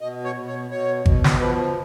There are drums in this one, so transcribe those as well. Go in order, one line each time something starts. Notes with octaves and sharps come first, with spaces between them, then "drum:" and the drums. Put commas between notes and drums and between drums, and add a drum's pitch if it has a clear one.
B2 D#5
C#5
B2
C#5
B2 C#5
B2, drum: kick G#1
drum: snare
F3 B4